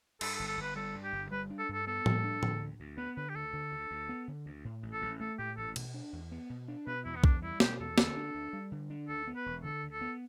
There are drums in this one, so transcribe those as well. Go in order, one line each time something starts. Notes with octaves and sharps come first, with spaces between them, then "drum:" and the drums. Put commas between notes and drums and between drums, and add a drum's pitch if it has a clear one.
G2 A4, drum: cymbal
A4
G1
A4
G1 B4
G3 A4
G2
G4
G1
G3 B4
D4
A4
G2 A4
B3 A4
G3, drum: tom A2
D4
D3, drum: tom A2
D2
D2
B3 B4
D3 B4
G4
D2 A4
D3
D2
D2
B3
D3
D2
A2
A1
A4
A1
A3 A4
A2 G4
A1 A4
B2, drum: cymbal
D4
E2
B3
B2
D4
B2 B4
E2 E4
B3
E2 D4, drum: kick B1
G3 E4
B2 G4, drum: snare
E2 A4
D3, drum: snare
D4
D2
G3
D3
D4
D2 A4
B3
B4
E1
D3 A4
D2
A4
B3